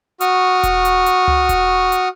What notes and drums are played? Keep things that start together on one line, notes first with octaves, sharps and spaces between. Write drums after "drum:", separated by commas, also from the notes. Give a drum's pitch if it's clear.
F#4 C#6 D#6 F6, drum: hi-hat
drum: kick E1, hi-hat
drum: hi-hat
drum: hi-hat
drum: tom C#2
drum: kick E1, hi-hat
drum: hi-hat